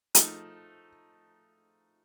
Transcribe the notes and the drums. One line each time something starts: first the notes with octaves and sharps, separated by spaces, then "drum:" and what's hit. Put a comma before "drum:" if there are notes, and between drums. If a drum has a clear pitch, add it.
F3 A3 D#4, drum: hi-hat